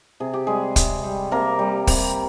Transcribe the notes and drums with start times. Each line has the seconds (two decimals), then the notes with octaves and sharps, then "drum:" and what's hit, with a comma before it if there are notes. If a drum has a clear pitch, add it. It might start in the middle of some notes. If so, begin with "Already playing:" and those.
0.20 C3 G#4
0.34 G4
0.47 G3 G#3 G#4
0.76 C3, drum: kick, hi-hat
1.04 G3
1.31 C3 A#3 A#4
1.59 G3
1.87 C3, drum: kick, open hi-hat